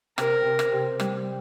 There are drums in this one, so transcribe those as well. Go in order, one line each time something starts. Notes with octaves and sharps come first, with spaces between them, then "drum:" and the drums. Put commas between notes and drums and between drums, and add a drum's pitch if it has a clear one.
C3 A#4, drum: rim click
C3
drum: rim click
C3
G3, drum: rim click